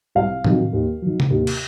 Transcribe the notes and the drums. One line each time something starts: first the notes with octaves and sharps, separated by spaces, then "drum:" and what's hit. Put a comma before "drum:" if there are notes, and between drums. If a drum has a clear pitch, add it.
C2 F5
C3 D#3 F#3, drum: tom A2
D#2
D#3 F#3
drum: tom C3
D#2
drum: cymbal